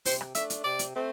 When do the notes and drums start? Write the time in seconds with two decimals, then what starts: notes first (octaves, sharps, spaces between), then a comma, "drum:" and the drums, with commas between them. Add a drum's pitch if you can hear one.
0.05 C3 C5, drum: open hi-hat
0.21 drum: rim click
0.35 A3 D4 E5, drum: hi-hat
0.50 drum: hi-hat
0.64 C3 D5
0.79 drum: hi-hat
0.94 A3 C4